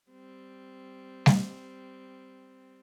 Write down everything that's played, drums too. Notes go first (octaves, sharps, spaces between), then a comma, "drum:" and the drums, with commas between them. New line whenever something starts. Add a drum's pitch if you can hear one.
G3 C4
drum: snare G3